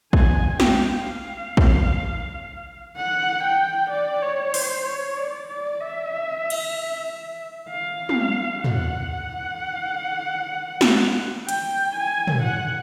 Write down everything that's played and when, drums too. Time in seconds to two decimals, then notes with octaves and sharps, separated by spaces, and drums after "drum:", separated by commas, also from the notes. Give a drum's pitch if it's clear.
0.13 G#5, drum: kick
0.60 G5, drum: snare
1.07 F5
1.57 drum: kick
2.97 F#5
3.44 G5
3.91 D5
4.23 C#5
4.54 C5, drum: open hi-hat
4.86 C#5
5.17 D5
5.49 D5
5.81 E5
6.50 drum: cymbal
7.70 F5
8.09 drum: tom
8.64 F#5, drum: tom
10.81 drum: snare
11.49 G5, drum: hi-hat
11.96 G#5
12.27 drum: tom
12.43 F#5